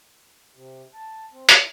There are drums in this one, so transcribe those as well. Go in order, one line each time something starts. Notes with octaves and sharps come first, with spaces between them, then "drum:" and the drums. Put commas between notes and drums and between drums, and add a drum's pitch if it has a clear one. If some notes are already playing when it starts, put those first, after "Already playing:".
C3
A5
C4
E4, drum: hi-hat